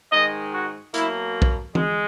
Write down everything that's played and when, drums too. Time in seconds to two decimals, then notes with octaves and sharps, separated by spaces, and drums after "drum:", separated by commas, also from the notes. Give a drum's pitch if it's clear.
0.13 G#2 D#3 G#3 D#5
0.53 F#4
0.94 B2 F#3 A#3 E4, drum: hi-hat
1.42 drum: kick
1.75 G#3, drum: tom E3